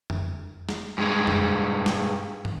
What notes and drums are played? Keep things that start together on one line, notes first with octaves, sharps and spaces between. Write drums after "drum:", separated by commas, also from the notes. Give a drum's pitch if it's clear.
drum: tom F2
drum: snare
G2 G#3
drum: tom F2
drum: snare
drum: tom